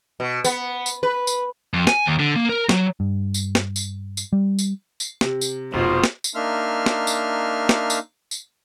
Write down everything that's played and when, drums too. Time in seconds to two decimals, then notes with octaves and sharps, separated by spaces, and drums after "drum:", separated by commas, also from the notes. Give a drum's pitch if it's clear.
0.20 B2
0.44 B3, drum: tambourine
0.86 drum: tambourine
1.03 B4
1.27 drum: tambourine
1.74 F2
1.87 G#5, drum: snare
2.06 D#2
2.20 D3
2.36 A#3
2.49 A#4
2.69 F#3, drum: snare
3.00 G2
3.34 drum: tambourine
3.55 drum: snare
3.76 drum: tambourine
4.17 drum: tambourine
4.33 G3
4.59 drum: tambourine
5.00 drum: tambourine
5.21 C3, drum: snare
5.41 drum: tambourine
5.74 F1 B2 F4 C5
6.04 drum: snare
6.24 drum: tambourine
6.35 A#3 D4 D#4 E5 C6 F6
6.86 drum: snare
7.07 drum: tambourine
7.69 drum: snare
7.90 drum: tambourine
8.31 drum: tambourine